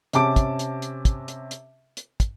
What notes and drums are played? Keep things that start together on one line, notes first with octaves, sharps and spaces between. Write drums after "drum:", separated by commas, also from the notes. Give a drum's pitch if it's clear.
C3 C#4 G4 A5 D6 D7, drum: hi-hat
drum: kick, hi-hat
drum: hi-hat
drum: hi-hat
drum: kick, hi-hat
drum: hi-hat
drum: hi-hat
drum: hi-hat
drum: kick, hi-hat